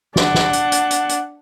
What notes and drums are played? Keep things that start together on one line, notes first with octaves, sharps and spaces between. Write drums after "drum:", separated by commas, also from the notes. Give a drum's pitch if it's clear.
D4 F#5, drum: snare
drum: snare
drum: hi-hat
drum: hi-hat
drum: hi-hat
drum: hi-hat